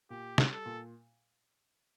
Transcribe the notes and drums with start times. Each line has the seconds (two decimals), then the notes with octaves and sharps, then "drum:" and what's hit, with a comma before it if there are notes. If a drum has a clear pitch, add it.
0.10 A#2 G4
0.38 G3, drum: snare
0.52 A4
0.66 A#2